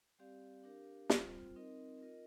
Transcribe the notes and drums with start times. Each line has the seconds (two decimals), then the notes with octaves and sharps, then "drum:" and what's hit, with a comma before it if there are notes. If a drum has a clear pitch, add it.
0.19 G3 C4 G4 D5 F5
0.64 D4 G4 A#4 F5
1.10 G3 C4 F4 C5, drum: snare
1.56 C4 D#4 A#4 D#5
2.01 F4 A#4 D#5